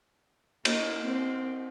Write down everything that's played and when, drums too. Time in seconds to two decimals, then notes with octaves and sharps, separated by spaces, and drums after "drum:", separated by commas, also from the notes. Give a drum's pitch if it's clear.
0.65 A#3, drum: cymbal
1.05 C4